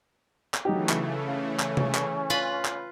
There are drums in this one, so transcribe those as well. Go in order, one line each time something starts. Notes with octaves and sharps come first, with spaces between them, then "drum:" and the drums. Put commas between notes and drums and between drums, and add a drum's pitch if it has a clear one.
drum: clap
C#3 E3 F#3 A3 D#4 G4
drum: clap
C#4 F5
drum: clap
drum: tom C3
drum: clap
F4 B4 B5
drum: clap